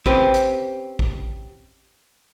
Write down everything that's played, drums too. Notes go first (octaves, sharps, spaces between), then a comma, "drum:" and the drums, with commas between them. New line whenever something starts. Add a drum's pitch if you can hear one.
C4 C#4 G4 B4, drum: kick
drum: hi-hat
drum: kick